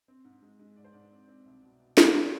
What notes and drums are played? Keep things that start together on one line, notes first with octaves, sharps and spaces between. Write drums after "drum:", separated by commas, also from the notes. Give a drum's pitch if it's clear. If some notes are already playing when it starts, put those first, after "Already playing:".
C4
G#2
G#3
G#3
G#2 D5
C5
G#2 D5
C4
C4
C2
B2
B2
B2, drum: snare
B2 C5